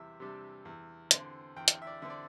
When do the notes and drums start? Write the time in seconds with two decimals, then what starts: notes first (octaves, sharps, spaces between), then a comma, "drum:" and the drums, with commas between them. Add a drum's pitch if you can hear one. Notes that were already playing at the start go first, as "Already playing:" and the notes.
Already playing: E2 C3 G3 G4 E5
0.20 C3 G3 D4
0.65 E2
1.11 D3 C4, drum: hi-hat
1.56 E2 G5
1.68 drum: hi-hat
1.82 E5
1.87 D5
2.02 D3 C4 E5
2.10 D5